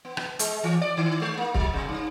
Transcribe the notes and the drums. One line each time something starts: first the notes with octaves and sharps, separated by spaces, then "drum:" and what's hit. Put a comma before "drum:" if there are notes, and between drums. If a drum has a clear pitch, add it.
B3
drum: rim click
G#3, drum: hi-hat
E3
D5
D#3
G#3
A#3
F#3, drum: kick C#1
C3
G2